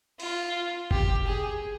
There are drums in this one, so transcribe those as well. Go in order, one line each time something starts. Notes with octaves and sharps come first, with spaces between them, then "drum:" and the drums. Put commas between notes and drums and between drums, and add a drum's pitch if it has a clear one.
F4, drum: open hi-hat
G4, drum: kick F#1
G#4